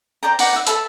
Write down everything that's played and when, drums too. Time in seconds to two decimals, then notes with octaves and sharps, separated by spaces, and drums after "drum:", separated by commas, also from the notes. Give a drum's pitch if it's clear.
0.23 C5 D5 G5 A#5
0.39 D#4 B4 F#5 D6, drum: open hi-hat
0.53 E5 F#5
0.67 A4 E5 A5 B5, drum: hi-hat